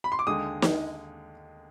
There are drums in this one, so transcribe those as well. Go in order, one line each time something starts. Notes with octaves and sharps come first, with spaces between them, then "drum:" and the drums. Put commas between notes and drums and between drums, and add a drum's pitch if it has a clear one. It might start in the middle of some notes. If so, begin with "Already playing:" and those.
B5
C6
D6
D#2 D3 G#3 D#6
drum: snare